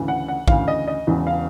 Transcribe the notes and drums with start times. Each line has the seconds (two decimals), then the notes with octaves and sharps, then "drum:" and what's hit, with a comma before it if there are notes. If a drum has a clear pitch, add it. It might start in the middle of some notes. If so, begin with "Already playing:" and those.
Already playing: D2 C#3 E3
0.08 F#5
0.28 F#5
0.48 D2 C#3 E3 F5, drum: kick A#1
0.68 D#5
0.88 D#5
1.07 E1 E2 C#3 E3
1.27 F5